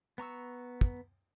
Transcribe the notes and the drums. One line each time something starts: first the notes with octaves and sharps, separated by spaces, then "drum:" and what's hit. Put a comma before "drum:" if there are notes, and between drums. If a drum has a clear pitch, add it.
B3 A#5 C#6 E6
drum: kick